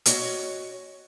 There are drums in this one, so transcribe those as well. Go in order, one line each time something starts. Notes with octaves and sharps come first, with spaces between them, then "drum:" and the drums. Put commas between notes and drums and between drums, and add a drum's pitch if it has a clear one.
C#4 F#4 C#5 D#5, drum: hi-hat